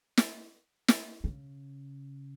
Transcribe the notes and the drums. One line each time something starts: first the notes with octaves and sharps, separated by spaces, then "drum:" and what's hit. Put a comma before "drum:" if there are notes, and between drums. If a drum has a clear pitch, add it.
drum: snare
drum: snare
C#3